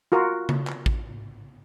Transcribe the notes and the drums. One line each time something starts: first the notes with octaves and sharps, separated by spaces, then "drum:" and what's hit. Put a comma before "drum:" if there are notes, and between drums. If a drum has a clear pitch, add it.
F4 F#4 A#4
drum: tom C#3
drum: clap
drum: kick A1